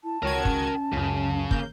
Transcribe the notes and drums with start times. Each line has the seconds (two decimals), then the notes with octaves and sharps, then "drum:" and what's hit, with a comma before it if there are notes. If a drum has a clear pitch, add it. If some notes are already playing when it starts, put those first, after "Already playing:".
0.04 E4 A5
0.23 C#2 F#4 A#4 C#5 G5 G#6
0.45 C#4, drum: kick
0.92 C#2 F#2 C#3
1.51 A#3 G6, drum: kick